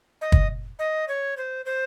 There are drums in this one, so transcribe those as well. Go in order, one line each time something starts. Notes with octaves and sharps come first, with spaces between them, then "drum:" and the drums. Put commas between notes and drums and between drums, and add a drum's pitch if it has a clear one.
D#5
drum: kick
D#5
C#5
C5
C5